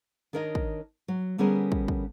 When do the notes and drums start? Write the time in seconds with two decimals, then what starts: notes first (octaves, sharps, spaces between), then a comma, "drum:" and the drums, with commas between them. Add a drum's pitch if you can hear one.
0.33 D#3 D4 A#4 C#5 D#5
0.55 drum: kick
1.08 F#3
1.38 D3 G3 B3 C#4 G#4 A#4
1.72 drum: kick
1.88 drum: kick